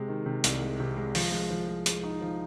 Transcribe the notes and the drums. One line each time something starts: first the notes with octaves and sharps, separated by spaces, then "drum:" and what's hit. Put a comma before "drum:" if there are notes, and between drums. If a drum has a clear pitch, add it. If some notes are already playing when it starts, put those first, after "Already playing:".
Already playing: C3 G#3
D#3
C3
C2, drum: hi-hat
G#3
C3
G#3
F3, drum: open hi-hat
G#3
F3
G#3
G#3, drum: hi-hat
D#4
F3